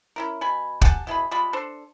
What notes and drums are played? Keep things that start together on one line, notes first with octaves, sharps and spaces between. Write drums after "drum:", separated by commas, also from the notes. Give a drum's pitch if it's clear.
C#4 E4 A#4
B2 G#5 B5
G4 F#5 G#5 A5, drum: kick
B2 E4 G#4 B5
G3 G#3 F4 B5
D4 A4 C5